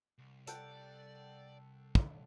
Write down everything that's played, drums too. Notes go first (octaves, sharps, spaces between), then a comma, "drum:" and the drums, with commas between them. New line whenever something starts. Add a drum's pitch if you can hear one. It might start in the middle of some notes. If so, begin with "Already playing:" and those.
C2
A4 D5 F#5 G5, drum: hi-hat
drum: kick